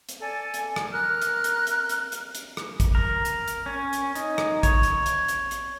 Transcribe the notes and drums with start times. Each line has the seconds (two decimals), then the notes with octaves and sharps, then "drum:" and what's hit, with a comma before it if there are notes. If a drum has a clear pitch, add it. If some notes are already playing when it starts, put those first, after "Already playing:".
0.09 drum: hi-hat
0.21 A4 D5 G#5
0.54 drum: hi-hat
0.76 drum: rim click
0.91 A#4 F6 F#6
1.22 drum: hi-hat
1.44 drum: hi-hat
1.67 drum: hi-hat
1.89 drum: hi-hat
2.12 drum: hi-hat
2.35 drum: hi-hat
2.57 drum: rim click
2.80 drum: kick A1, hi-hat
2.95 A#4
3.25 drum: hi-hat
3.48 drum: hi-hat
3.66 C#4
3.93 drum: hi-hat
4.15 D#4, drum: hi-hat
4.38 drum: rim click
4.63 C#5, drum: kick A1, hi-hat
4.83 drum: hi-hat
5.06 drum: hi-hat
5.28 drum: hi-hat
5.51 drum: hi-hat